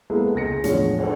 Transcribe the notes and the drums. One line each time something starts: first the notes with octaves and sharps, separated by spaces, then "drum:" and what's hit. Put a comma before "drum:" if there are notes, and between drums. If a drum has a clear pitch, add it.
G#3 A#3 B3 E4 A4
C#2 G#4 A#6 C#7
E2 A2 D3 F3 G#3 C#4, drum: hi-hat
A4 F#5, drum: cymbal